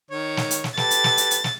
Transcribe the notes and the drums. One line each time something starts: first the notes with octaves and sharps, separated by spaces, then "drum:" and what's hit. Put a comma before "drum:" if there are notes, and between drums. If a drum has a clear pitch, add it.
D#3 C#5
drum: snare
drum: hi-hat
drum: snare
G4 A4 B4 A6, drum: snare
drum: hi-hat
drum: snare
drum: hi-hat
drum: hi-hat
drum: snare